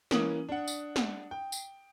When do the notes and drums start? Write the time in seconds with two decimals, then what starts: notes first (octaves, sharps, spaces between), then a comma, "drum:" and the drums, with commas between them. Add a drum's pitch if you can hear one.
0.11 E3 A#3 C#4 D#6 F#7, drum: snare
0.49 D4 F#5
0.68 drum: tambourine
0.96 drum: snare
1.31 G5
1.52 drum: tambourine